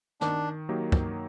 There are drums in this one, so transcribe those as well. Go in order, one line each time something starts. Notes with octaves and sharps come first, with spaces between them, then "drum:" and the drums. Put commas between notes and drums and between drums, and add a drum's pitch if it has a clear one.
D#3 D4, drum: snare
F#3 A#3 D#4 G4
drum: kick